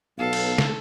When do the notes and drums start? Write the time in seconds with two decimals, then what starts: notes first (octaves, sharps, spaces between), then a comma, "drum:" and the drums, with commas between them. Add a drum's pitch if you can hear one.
0.18 B1 B3 A4 F5
0.33 drum: cymbal
0.58 drum: snare